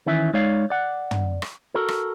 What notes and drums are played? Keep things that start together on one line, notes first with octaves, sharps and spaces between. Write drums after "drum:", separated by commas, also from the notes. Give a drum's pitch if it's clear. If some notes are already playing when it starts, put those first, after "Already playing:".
D#3 E3 C#4 E5
G#3 D#4 C#5 D5 F5
D5 F#5
drum: tom
drum: rim click
F#4 A4 A#4
drum: rim click